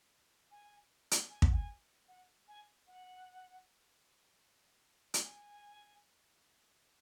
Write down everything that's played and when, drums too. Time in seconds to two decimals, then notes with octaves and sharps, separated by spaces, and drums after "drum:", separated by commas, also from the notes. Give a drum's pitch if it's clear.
0.51 G#5
1.11 drum: hi-hat
1.30 G#5
1.42 F#5, drum: kick
1.53 G#5
2.08 F#5
2.48 G#5
2.87 F#5
5.14 drum: hi-hat
5.24 G#5